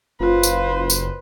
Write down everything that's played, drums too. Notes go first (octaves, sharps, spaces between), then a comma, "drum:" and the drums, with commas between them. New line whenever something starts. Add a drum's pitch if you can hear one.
F#1 F4 B4 C5
drum: tambourine
drum: tambourine